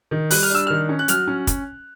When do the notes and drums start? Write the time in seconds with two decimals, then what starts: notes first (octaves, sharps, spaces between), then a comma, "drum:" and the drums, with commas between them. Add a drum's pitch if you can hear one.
0.11 D#3
0.30 G3 F#6, drum: open hi-hat
0.43 F6
0.50 D4 E6
0.67 D#3 F6
0.89 C#4
0.99 F#6
1.08 F#3 F6, drum: hi-hat
1.27 C#4
1.47 drum: kick, hi-hat